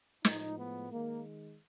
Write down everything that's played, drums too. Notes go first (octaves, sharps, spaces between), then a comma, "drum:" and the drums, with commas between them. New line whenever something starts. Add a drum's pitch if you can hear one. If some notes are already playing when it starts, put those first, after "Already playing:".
A2 F3 G#3 D#4, drum: snare
B3
D#3 G#3 A#3